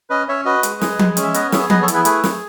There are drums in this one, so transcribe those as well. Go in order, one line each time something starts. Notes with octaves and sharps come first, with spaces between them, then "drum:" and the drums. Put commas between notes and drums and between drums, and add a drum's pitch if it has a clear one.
C#4 B4 D#5
C#4 C#5 E5
F#4 B4 D#5
G#3, drum: hi-hat
G#4, drum: snare
G#3, drum: tom F3
C#4, drum: hi-hat
E5
B3 B4 D#5, drum: hi-hat
G#4 C#5 E5, drum: snare
B3 B4 D#5, drum: tom F3
A4 C#5
E4, drum: hi-hat
G#4 B4
A3 G#4 B4, drum: hi-hat
G#4, drum: snare